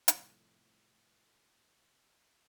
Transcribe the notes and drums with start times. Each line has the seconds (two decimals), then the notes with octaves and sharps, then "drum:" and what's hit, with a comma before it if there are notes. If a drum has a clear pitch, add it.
0.08 A2 C3 F3 G3 A3, drum: hi-hat